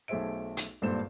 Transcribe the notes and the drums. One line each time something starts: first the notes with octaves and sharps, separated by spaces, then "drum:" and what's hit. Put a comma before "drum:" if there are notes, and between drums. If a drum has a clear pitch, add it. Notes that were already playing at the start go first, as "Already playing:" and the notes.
B1 A3 G#4 C5 E5 D7
drum: hi-hat
G#1 G2 A#2 A4 C5 E7